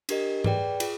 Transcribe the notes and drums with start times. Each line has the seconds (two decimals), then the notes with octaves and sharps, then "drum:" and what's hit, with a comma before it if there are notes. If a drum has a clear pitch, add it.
0.09 D4 G4 A#4 D#5, drum: cymbal
0.44 G#4 B4 D5 G5, drum: tom G#2
0.80 F4 G#4, drum: cymbal